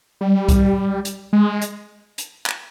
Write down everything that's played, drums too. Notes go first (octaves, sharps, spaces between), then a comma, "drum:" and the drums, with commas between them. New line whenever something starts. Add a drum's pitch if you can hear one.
G3
drum: kick C2, hi-hat
drum: hi-hat
G#3
drum: hi-hat
drum: hi-hat
drum: clap